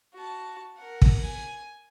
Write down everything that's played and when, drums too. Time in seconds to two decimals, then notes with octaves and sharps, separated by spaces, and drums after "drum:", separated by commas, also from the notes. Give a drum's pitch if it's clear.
0.14 F#4 A5
0.77 A#4 F#5
1.02 drum: kick
1.22 G#5